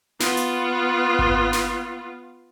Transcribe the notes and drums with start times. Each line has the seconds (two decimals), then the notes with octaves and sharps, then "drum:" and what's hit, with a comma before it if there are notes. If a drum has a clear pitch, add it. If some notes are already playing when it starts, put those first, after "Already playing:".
0.20 B3 F4, drum: snare
0.37 drum: hi-hat
1.19 drum: kick G#1
1.53 drum: snare